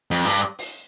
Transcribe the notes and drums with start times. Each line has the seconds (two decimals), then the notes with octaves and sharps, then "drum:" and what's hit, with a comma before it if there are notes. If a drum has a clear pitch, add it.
0.11 F2
0.25 G2
0.58 drum: open hi-hat